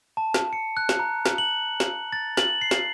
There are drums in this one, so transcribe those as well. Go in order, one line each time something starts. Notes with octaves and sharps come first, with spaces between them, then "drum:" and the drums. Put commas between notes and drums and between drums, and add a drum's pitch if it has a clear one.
A5
drum: snare
C#7
F#6
drum: snare
A#5
drum: snare
F#7
drum: snare
A6
F#7, drum: snare
C7
drum: snare